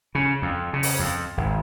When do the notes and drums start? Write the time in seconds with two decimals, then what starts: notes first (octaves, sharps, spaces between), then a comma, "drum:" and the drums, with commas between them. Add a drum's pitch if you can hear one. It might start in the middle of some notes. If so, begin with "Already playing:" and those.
0.15 C#3
0.42 F2
0.73 C#3
0.83 drum: open hi-hat
0.99 F2
1.37 G#1